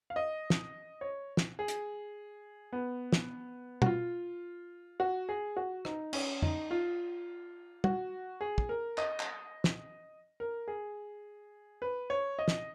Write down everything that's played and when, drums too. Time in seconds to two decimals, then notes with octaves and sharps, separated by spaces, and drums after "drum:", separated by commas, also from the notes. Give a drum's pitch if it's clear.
0.10 F5
0.16 D#5
0.50 drum: snare
1.01 C#5
1.37 drum: snare
1.59 G#4
1.68 drum: hi-hat
2.73 B3
3.13 drum: snare
3.82 F#4, drum: tom
3.86 F4
5.00 F#4
5.29 G#4
5.57 F#4
5.85 D#4, drum: rim click
6.13 C#4, drum: cymbal
6.42 D#4, drum: tom F2
6.71 F4
7.84 F#4, drum: tom
8.41 G#4
8.58 drum: kick
8.69 A#4
8.98 D#5, drum: clap
9.20 drum: clap
9.64 drum: snare
10.40 A#4
10.68 G#4
11.82 B4
12.10 C#5
12.39 D#5
12.48 drum: snare